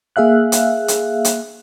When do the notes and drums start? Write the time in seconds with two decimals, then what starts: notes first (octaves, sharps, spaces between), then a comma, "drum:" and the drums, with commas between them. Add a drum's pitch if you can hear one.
0.16 A#3 G#4 E5 F5 F#6
0.52 drum: hi-hat
0.88 drum: hi-hat
1.25 drum: hi-hat